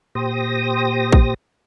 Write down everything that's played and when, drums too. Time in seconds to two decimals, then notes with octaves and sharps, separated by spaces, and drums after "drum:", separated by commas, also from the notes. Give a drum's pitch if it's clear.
0.15 A#2 G4 C5 D#6 A#6
1.13 drum: kick